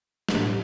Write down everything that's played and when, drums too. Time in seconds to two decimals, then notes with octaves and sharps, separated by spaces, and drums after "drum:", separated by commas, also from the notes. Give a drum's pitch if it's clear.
0.29 A2 G3 D4, drum: snare